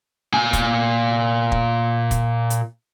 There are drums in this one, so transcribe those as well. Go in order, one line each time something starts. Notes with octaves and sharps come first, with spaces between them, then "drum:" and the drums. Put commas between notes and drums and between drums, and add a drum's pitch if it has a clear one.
A#2 G#5
drum: kick, hi-hat
drum: kick
drum: kick, hi-hat
drum: hi-hat